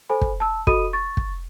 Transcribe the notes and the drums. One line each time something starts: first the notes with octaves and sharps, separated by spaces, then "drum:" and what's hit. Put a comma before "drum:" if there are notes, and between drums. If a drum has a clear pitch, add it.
A4 C5 G#5 B5
drum: kick
A5 E6
F#4 A4 D#5 B5 D#6 D#7, drum: kick
C#6 A6
drum: kick